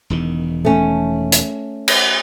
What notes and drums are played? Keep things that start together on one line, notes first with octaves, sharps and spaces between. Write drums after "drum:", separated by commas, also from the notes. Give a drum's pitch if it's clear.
E1 E2 D#3
A3 C#4
drum: hi-hat
drum: cymbal